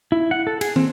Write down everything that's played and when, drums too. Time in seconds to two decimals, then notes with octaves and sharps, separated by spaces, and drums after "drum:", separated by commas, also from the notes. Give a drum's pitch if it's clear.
0.12 E4
0.31 F#5
0.47 A4
0.61 G#4, drum: cymbal
0.76 C4, drum: tom